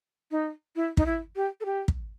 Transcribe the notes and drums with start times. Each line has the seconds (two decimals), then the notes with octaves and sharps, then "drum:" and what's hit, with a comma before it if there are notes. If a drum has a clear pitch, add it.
0.31 D#4
0.76 E4
0.97 D#4, drum: kick
1.06 E4
1.36 G4
1.60 A4
1.65 G4
1.88 drum: kick